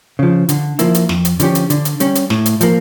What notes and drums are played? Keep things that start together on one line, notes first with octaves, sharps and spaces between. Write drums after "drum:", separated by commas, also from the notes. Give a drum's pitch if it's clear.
C#3 F3
D3, drum: hi-hat
F3 A#3 E4, drum: hi-hat
drum: hi-hat
F2, drum: snare
drum: hi-hat
D3 F3 C#4 G4, drum: hi-hat
drum: hi-hat
D3, drum: hi-hat
drum: hi-hat
G3 C#4, drum: hi-hat
drum: hi-hat
A2, drum: snare
drum: hi-hat
F3 A#3, drum: hi-hat